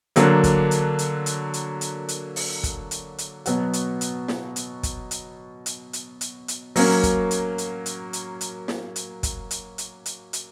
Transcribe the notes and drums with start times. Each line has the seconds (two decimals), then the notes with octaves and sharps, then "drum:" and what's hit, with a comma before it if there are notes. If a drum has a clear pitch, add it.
0.16 D3 F#3 A#3 D4, drum: hi-hat
0.44 drum: kick, hi-hat
0.71 drum: hi-hat
0.99 drum: hi-hat
1.26 drum: hi-hat
1.54 drum: hi-hat
1.81 drum: hi-hat
2.08 drum: hi-hat
2.36 drum: open hi-hat
2.63 drum: kick, hi-hat
2.91 drum: hi-hat
3.18 drum: hi-hat
3.46 B2 F#3 B3 F#4, drum: hi-hat
3.73 drum: hi-hat
4.01 drum: hi-hat
4.28 drum: snare
4.56 drum: hi-hat
4.83 drum: kick, hi-hat
5.11 drum: hi-hat
5.66 drum: hi-hat
5.93 drum: hi-hat
6.21 drum: hi-hat
6.48 drum: hi-hat
6.76 F#3 A#3 C#4, drum: open hi-hat
7.03 drum: kick, hi-hat
7.31 drum: hi-hat
7.58 drum: hi-hat
7.86 drum: hi-hat
8.13 drum: hi-hat
8.41 drum: hi-hat
8.68 drum: snare
8.96 drum: hi-hat
9.23 drum: kick, hi-hat
9.51 drum: hi-hat
9.78 drum: hi-hat
10.06 drum: hi-hat
10.33 drum: hi-hat